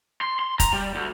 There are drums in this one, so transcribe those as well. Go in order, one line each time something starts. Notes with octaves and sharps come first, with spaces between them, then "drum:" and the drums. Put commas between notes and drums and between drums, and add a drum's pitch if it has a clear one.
C6
C6
A#5, drum: kick, hi-hat
G3
D2